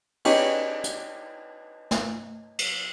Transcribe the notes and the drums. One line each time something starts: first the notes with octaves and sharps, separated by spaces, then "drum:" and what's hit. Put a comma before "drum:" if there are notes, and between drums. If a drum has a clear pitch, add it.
B3 C#4 D#4 G4, drum: cymbal
drum: hi-hat
drum: snare
drum: cymbal